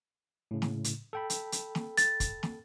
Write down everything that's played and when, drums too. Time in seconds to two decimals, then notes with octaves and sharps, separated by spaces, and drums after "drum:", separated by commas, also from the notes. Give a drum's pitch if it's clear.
0.51 A2 C#3
0.62 drum: snare
0.84 drum: hi-hat
1.13 A4 G5 B5
1.30 drum: hi-hat
1.52 drum: hi-hat
1.75 drum: snare
1.98 A6, drum: hi-hat
2.20 drum: kick, hi-hat
2.43 drum: snare